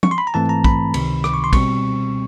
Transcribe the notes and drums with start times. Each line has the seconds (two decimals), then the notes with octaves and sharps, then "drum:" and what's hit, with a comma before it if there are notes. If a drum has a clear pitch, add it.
0.03 C#6, drum: tom
0.11 C6
0.18 B5
0.27 A#5
0.34 G#2 E3 A3 C4 A5
0.49 A#5
0.64 B5, drum: kick
0.94 C#2 C3 D#3, drum: cymbal
1.24 D6, drum: rim click
1.34 C#6
1.44 C6
1.53 B2 G3 C4 C#6, drum: kick, cymbal